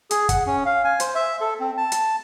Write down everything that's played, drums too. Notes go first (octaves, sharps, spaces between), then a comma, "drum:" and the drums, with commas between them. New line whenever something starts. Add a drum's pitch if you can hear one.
G#4, drum: hi-hat
F#5, drum: kick, hi-hat
C#4
F5
G#5
C5, drum: hi-hat
E5
A4
C4
A5
drum: hi-hat